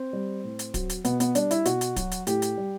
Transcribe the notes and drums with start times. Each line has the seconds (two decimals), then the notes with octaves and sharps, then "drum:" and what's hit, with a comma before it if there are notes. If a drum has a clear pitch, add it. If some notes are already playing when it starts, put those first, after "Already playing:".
Already playing: C4
0.13 G3
0.44 A2
0.59 drum: hi-hat
0.74 F#3, drum: kick D1, hi-hat
0.89 drum: hi-hat
1.05 B2 B3, drum: hi-hat
1.20 B3, drum: hi-hat
1.35 G3 D4, drum: hi-hat
1.51 E4, drum: hi-hat
1.65 B2 F#4, drum: hi-hat
1.81 drum: hi-hat
1.96 F#3, drum: kick D1, hi-hat
2.11 drum: hi-hat
2.27 A2 G4, drum: hi-hat
2.42 drum: hi-hat
2.58 G3